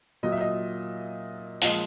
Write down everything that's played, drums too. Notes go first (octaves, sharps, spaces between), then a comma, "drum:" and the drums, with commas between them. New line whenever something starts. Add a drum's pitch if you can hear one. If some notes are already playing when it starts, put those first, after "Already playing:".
A#2 F#3 D#5
E5
D#5
A#2 F3 G#3 D#5, drum: open hi-hat